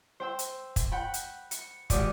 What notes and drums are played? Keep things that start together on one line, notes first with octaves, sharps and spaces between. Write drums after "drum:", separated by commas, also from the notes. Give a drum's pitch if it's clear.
C5 G5 E6
drum: hi-hat
drum: kick, hi-hat
F#5 G5 B5
drum: hi-hat
C#7, drum: hi-hat
G#1 G4 D5 D#6, drum: kick, hi-hat